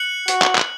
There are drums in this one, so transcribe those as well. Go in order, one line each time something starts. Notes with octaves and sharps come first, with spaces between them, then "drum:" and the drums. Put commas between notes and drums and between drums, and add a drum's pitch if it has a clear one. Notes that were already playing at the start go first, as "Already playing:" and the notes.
Already playing: F#6 C#7 F#7
F#4, drum: hi-hat
drum: clap
drum: clap